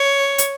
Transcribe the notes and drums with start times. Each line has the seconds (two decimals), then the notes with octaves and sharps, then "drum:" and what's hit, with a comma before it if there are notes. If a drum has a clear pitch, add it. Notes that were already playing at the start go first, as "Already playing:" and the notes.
Already playing: C#5
0.38 drum: hi-hat